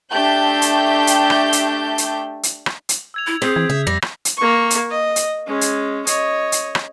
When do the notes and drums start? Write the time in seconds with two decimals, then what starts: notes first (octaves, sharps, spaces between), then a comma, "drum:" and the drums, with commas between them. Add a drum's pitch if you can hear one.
0.11 A3 D4 G4 G6
0.62 drum: hi-hat
1.07 drum: hi-hat
1.30 drum: rim click
1.53 drum: hi-hat
1.98 drum: hi-hat
2.43 drum: hi-hat
2.66 drum: rim click
2.89 drum: hi-hat
3.14 E6 G#6 F7
3.27 E4
3.42 C4 G#4 G6 B6
3.56 E3 G#6
3.70 C#3 E5
3.87 F2 G3 A#6
4.02 drum: rim click
4.25 drum: hi-hat
4.37 A#3 C#6
4.70 drum: hi-hat
4.90 D#5
5.16 drum: hi-hat
5.47 G#3 C#4
5.61 drum: hi-hat
6.07 C#5 D#5, drum: hi-hat
6.52 drum: hi-hat
6.75 drum: rim click